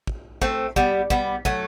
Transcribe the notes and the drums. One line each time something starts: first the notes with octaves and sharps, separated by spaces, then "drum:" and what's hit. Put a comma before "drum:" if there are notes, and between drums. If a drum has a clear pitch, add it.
drum: kick
A3 C4, drum: kick
G3 B3, drum: kick
G3 B3, drum: kick
F#3 A3, drum: kick